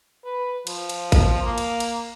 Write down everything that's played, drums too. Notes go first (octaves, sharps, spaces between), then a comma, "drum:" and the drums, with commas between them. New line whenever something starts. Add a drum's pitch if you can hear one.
B4
F3, drum: cymbal
drum: cymbal
drum: kick A1, cymbal
A#3
drum: cymbal
drum: cymbal